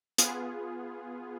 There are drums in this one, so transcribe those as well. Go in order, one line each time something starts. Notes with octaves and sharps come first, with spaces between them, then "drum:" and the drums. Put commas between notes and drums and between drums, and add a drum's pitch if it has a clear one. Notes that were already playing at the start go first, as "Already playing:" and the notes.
B3 F4 G#4, drum: hi-hat